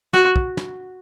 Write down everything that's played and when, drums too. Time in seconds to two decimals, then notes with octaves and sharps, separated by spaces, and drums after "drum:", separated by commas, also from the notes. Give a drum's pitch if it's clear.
0.13 F#4, drum: snare
0.36 drum: kick
0.57 drum: snare